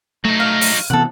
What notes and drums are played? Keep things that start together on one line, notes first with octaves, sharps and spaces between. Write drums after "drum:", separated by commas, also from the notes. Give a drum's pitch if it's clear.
F#3 A3 D#4
F5
drum: open hi-hat
C3 E3 B3 A4 F#5